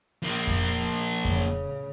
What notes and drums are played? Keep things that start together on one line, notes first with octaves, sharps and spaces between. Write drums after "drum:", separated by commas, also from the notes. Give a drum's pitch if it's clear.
F3 A#3
drum: kick F2
C#3, drum: kick F2